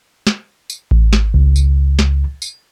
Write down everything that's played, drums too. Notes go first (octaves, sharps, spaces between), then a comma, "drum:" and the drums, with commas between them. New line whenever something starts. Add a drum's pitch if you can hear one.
drum: snare
drum: tambourine
drum: kick A1
drum: snare
C#2
drum: tambourine
drum: snare
drum: tambourine